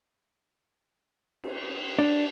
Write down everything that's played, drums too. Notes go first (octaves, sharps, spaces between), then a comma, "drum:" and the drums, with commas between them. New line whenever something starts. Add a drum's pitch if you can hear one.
drum: cymbal
D4